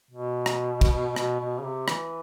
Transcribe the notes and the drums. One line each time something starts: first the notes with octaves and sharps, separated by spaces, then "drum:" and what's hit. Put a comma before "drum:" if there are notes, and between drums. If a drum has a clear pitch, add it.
B2
drum: rim click
drum: kick, cymbal
B2, drum: rim click
B2
C#3
C3
E3, drum: rim click